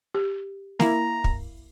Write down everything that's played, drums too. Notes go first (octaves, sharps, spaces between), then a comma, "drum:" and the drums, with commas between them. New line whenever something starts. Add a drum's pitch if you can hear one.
G4
A#3 E4 A#5, drum: snare
drum: kick